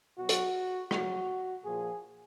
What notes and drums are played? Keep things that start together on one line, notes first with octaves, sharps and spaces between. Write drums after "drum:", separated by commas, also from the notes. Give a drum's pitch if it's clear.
B2 F#3 F#4
drum: hi-hat
C#3 F#3 F#4, drum: rim click
A#2 F3 G#4